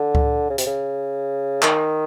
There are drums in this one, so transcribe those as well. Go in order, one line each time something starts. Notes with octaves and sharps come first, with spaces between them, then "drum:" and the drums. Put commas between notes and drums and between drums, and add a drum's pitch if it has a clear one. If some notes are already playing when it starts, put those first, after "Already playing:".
Already playing: D3
drum: kick C#2
C#3
C3, drum: hi-hat
C#3
D#3, drum: clap